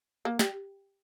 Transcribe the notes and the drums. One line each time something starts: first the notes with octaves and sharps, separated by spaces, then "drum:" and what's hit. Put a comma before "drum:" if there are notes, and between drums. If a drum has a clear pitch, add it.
A#3
G3, drum: snare